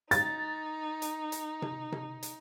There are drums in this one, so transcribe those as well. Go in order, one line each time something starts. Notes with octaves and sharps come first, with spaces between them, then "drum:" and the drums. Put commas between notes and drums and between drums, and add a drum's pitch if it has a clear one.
D#4 A6, drum: hi-hat
drum: hi-hat
drum: hi-hat
drum: tom C3
drum: tom C3
drum: hi-hat